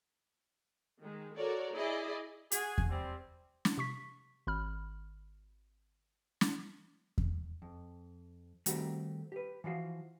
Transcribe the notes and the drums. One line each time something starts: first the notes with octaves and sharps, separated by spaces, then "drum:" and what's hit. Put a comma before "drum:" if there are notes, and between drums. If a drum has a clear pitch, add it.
D#3 G#3
F#4 A4 A#4 C#5 D5
E4 G#4 D5 D#5
F#4 G#4 G#5, drum: hi-hat
drum: kick E2
G3 C4
drum: snare
C3 C#6 B6
G#1 B5 F6
drum: snare
drum: kick E2
F2
D#3 G3 A3 C4 F#4 G4, drum: hi-hat
G4 B4
E3 F3 F#4 F5